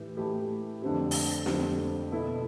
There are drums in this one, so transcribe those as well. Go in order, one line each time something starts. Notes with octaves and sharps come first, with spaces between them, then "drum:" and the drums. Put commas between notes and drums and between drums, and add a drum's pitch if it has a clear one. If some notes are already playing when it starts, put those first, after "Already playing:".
Already playing: A2 E3 G4
A2 E3 A3 E4 G4
F2 D3 A3 C4 G4
drum: open hi-hat
F2 D3 A3 C4 G4, drum: snare
B2 B3 E4 A4